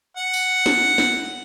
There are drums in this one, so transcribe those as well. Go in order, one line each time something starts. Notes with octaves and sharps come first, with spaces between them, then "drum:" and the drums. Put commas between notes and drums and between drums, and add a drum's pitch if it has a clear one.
F#5
drum: tambourine
drum: snare
drum: snare